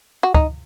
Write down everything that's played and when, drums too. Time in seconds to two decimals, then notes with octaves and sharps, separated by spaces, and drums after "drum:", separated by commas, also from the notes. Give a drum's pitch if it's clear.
0.23 F#4
0.34 D#4, drum: kick